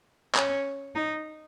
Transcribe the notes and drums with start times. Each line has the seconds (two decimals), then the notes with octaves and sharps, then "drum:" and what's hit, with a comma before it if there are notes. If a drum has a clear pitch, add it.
0.35 C#4, drum: clap
0.95 D#4